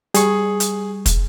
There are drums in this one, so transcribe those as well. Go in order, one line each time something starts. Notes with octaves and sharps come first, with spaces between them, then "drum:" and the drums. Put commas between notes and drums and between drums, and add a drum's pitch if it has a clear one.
G3 G#4 C#6, drum: hi-hat
drum: hi-hat
drum: kick, hi-hat